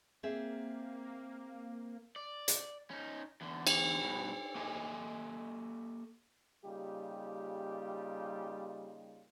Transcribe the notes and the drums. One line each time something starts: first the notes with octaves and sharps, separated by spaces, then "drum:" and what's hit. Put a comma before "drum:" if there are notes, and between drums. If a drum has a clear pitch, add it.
A#3 C4 G#4 E5
D5
drum: hi-hat
C#4 D#4
E2 D3
drum: cymbal
G2 B2
A#3 G4 A4 D#5 E5 G#5
C#3 G3 A#3 D#4 F4 G4